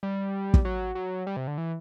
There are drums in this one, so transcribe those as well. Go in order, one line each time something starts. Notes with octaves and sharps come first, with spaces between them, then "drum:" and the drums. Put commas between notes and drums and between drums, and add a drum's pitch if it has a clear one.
G3
drum: kick
F#3
F#3
G3
C3
D3
E3